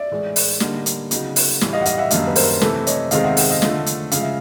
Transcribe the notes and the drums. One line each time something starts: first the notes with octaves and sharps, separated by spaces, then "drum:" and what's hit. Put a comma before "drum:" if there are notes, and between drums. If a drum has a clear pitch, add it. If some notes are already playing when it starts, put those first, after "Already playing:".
Already playing: D5 E5
A2 E3 G#3
drum: open hi-hat
D3 G3 A#3 D#4, drum: snare
drum: hi-hat
C#3 F#3 B3 D#4, drum: hi-hat
drum: open hi-hat
A2 E3 G3, drum: snare
D#5 F5
F#5
D#5 F5, drum: hi-hat
E5 F#5
F#2 D#3 G3 A#3 D4 D#5 F5, drum: hi-hat
B4
A#4 C5, drum: open hi-hat
C3 E3 A3 A4 B4, drum: snare
C#5 D#5, drum: hi-hat
E2 C3 D#3 G#3 C4 D#5 F5, drum: hi-hat
E5 F#5
E5 F#5, drum: open hi-hat
D#5 F5
D3 F3 A3, drum: snare
drum: hi-hat
C#3 F3 G#3 F5, drum: hi-hat
E5